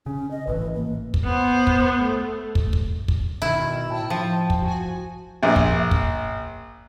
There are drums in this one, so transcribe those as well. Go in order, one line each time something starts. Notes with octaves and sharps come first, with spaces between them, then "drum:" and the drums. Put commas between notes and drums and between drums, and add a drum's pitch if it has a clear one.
C#3 C#4
D#5
G#1 A2 E3 B4
A#3
drum: kick
B3 C5
drum: kick
A3
drum: kick
drum: kick
drum: kick
B2 D#3 E4
A2 G5 A5
F3
drum: kick
F#4 G#5
A#1
drum: kick
drum: kick